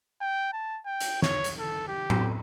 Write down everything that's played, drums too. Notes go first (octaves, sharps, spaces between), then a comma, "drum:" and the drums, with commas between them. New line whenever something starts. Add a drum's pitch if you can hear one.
G5
A5
G5
drum: hi-hat
C#5, drum: snare
drum: hi-hat
A4
G4
drum: tom